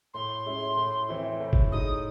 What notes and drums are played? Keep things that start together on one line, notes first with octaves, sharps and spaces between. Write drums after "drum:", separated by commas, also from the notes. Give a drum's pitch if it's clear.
A2 C6
G#3 C#4 E4
A2
E3 C4 E4
A2
drum: kick F#1
G#3 D#4 D#6